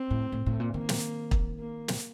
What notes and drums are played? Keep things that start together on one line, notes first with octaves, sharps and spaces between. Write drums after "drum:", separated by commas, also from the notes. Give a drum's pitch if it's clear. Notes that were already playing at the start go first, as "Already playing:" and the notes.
Already playing: C4
A2
A2
A2
A#2
D#3 A#3
drum: snare
drum: kick
A#3
drum: snare